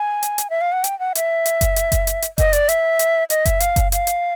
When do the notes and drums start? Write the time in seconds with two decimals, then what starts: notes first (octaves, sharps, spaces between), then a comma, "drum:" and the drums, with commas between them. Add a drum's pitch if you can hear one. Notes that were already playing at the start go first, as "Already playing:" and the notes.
Already playing: G#5
0.23 drum: hi-hat
0.38 drum: hi-hat
0.50 E5
0.61 F5
0.72 F#5
0.84 G5, drum: hi-hat
0.99 F#5
1.15 E5, drum: hi-hat
1.46 drum: hi-hat
1.61 drum: kick F#1, hi-hat
1.76 drum: hi-hat
1.92 drum: kick F#1, hi-hat
2.07 drum: hi-hat
2.22 drum: hi-hat
2.38 D#5, drum: kick F#1, hi-hat
2.53 D5, drum: hi-hat
2.69 E5, drum: hi-hat
2.99 drum: hi-hat
3.30 D#5, drum: hi-hat
3.45 E5, drum: kick F#1, hi-hat
3.60 F5, drum: hi-hat
3.76 drum: kick F#1, hi-hat
3.92 F5, drum: hi-hat
4.07 drum: hi-hat